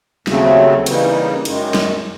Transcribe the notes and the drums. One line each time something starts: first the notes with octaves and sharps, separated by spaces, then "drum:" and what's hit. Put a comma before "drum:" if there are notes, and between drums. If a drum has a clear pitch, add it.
D#2 C#3 F#3 A3 C4, drum: snare
C#3 E3 G3 A#3 D#4, drum: cymbal
F#2 D#3 G#3, drum: cymbal
drum: snare